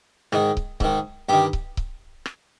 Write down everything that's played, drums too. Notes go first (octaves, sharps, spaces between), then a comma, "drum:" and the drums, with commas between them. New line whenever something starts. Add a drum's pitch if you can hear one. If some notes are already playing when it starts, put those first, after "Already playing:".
G#2 D#3, drum: rim click
drum: kick C#1
G#2 D#3, drum: kick C#1
G2 D#3 G4
drum: kick C#1
drum: kick C#1
drum: rim click